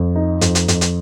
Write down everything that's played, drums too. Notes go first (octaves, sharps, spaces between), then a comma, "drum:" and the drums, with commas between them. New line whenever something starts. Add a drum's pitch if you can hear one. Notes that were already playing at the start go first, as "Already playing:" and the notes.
Already playing: F2
D#4
F2, drum: hi-hat
drum: hi-hat
F2, drum: hi-hat
drum: hi-hat